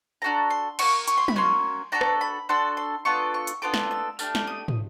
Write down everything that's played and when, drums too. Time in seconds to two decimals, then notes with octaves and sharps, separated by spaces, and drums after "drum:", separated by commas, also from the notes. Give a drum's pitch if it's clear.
0.22 D4 F#4 A4 A#5
0.50 C6
0.79 A#3 C#4 F#4 C#6, drum: cymbal
1.08 C#6, drum: hi-hat
1.18 C6
1.28 B5, drum: tom
1.36 A#3 C#4 F#4 C6
1.92 D4 F#4 A4 A#5
2.01 drum: rim click
2.21 B5
2.49 D4 F#4 A4 C6
2.77 C6
3.05 B3 D4 F4 A4 C#6
3.34 C#6
3.47 drum: hi-hat
3.62 B3 D4 F4 A4 D6
3.74 drum: snare
3.91 E6
4.19 A3 D4 G4 F6, drum: tambourine
4.35 drum: snare
4.47 D#6
4.68 drum: tom